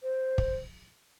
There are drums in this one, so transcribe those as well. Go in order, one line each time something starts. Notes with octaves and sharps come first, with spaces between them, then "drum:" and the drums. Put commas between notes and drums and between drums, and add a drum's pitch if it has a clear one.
C5
drum: kick